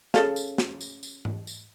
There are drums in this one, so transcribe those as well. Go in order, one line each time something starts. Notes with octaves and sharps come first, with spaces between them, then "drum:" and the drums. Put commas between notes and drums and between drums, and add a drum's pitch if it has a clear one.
C#3 A4 F5, drum: snare
drum: tambourine
drum: snare
drum: tambourine
drum: tambourine
drum: tom G#2
drum: tambourine